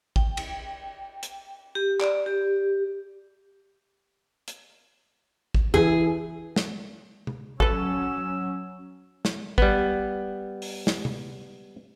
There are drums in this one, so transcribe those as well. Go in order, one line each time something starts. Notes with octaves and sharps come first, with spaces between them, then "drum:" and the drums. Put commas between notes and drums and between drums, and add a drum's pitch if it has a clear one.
G5, drum: kick
drum: cymbal
drum: hi-hat
G4
D5, drum: clap
G4
drum: hi-hat
drum: kick
E3 G#4, drum: tom E2
drum: snare
drum: tom C3
F#3 C#4 A4 B4 E6, drum: kick
drum: snare
G3 B3, drum: kick
drum: open hi-hat
drum: snare
drum: tom C3